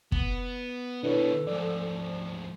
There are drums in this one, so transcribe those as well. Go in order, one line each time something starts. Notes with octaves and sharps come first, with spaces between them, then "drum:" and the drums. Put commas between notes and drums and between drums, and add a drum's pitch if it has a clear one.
B3, drum: kick
B2 D#3 D4 E4 A4 B4 C#5
D2 G#2 F3 D5